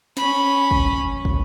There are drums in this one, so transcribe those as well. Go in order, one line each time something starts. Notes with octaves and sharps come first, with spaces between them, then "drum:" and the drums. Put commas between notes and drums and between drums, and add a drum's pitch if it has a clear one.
C#4 B5, drum: snare
drum: kick
drum: kick